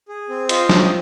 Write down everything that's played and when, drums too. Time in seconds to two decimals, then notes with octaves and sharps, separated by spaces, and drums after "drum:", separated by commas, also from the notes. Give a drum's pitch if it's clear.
0.09 G#4
0.29 C4
0.49 F4 C5 D#5, drum: hi-hat
0.69 C4, drum: snare
0.82 D#5